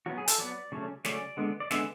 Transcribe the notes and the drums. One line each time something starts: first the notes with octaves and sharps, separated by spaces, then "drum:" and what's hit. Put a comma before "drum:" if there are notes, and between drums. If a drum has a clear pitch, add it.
F#3 B3 F#4
G#4
A4, drum: hi-hat
F#3 B3 D5
C#3 F#3 A3 C#4
C#3 F#3 A3 C#4 D5, drum: snare
D3 G#3 B3
D5
D3 G#3 B3 E5, drum: snare